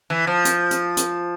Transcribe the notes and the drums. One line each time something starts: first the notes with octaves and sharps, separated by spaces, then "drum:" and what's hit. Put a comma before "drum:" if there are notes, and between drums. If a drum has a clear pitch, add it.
E3
F3
drum: hi-hat
drum: hi-hat
drum: hi-hat